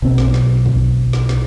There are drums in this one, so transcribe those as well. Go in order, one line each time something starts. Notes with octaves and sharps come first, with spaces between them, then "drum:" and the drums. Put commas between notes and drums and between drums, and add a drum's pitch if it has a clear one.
B1 C4
drum: snare
drum: snare
drum: kick
drum: snare
drum: snare